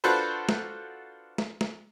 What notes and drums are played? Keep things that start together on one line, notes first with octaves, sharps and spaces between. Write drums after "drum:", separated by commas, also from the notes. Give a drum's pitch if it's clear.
D4 F4 F#4 A4 B4 C5
drum: snare
drum: snare
drum: snare